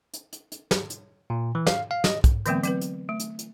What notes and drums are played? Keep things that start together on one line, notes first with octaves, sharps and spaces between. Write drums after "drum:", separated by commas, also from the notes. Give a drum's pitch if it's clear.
drum: hi-hat
drum: hi-hat
drum: hi-hat
drum: snare
drum: hi-hat
A#2
E3
F5, drum: snare
F5
D#5, drum: snare
drum: kick, hi-hat
D3 E3 F#3 A3 B3 C4, drum: hi-hat
F#3 C4 B4, drum: hi-hat
drum: hi-hat
A3
drum: hi-hat
drum: hi-hat